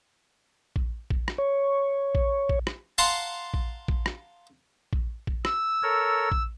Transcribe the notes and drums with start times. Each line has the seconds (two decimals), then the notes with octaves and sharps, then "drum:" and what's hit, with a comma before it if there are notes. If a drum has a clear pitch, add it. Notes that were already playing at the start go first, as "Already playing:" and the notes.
0.76 drum: kick A#1
1.10 drum: kick A#1
1.28 drum: rim click
1.38 C#5
2.15 drum: kick A#1
2.49 drum: kick A#1
2.67 drum: rim click
2.98 F5 F#5 A5 A#5 C6
3.54 drum: kick A#1
3.88 drum: kick A#1
4.06 drum: rim click
4.93 drum: kick A#1
5.27 drum: kick A#1
5.45 E6, drum: rim click
5.83 A4 A#4 C#5
6.32 drum: kick A#1